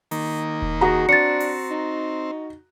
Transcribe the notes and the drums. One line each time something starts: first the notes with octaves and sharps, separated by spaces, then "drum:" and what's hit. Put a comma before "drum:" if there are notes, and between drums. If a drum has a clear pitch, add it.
D#3 A#3, drum: open hi-hat
drum: kick E1
F#4 G#4 A#5
C4 D4 A6 C#7
drum: open hi-hat
D#4